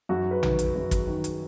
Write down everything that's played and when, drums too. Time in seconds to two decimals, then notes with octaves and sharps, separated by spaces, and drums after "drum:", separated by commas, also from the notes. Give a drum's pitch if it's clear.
0.09 F#2 F#4
0.31 B4
0.43 D#3, drum: tom A#1
0.59 drum: hi-hat
0.76 F#2
0.91 drum: kick, hi-hat
1.07 D#3
1.24 drum: hi-hat